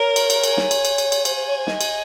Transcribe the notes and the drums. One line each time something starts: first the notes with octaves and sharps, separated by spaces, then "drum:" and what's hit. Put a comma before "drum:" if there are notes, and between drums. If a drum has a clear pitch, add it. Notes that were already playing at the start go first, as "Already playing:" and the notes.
Already playing: A#4 C#5
drum: cymbal
drum: cymbal
G#5, drum: cymbal
drum: snare
drum: cymbal
drum: cymbal
drum: cymbal
drum: cymbal
C5 G#5, drum: cymbal
C5
C#5
C5
D#5, drum: snare
drum: cymbal